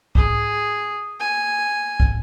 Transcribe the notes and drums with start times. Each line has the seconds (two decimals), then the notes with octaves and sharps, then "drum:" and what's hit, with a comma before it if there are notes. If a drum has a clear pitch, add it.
0.15 G#4, drum: kick
1.20 G#5
2.00 drum: kick